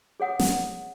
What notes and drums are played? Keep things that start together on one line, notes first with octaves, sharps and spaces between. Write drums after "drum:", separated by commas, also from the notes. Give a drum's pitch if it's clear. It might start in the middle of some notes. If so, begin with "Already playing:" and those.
G#4 C#5 F#5 D#6
drum: snare